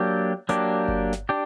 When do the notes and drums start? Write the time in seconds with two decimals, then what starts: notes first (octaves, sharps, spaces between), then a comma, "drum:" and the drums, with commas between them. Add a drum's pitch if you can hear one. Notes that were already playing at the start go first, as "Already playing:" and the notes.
Already playing: F#3 A#3 D4 G4
0.49 F#3 A#3 D4 G4, drum: hi-hat
0.88 drum: kick G1
1.13 drum: snare
1.29 D4 G4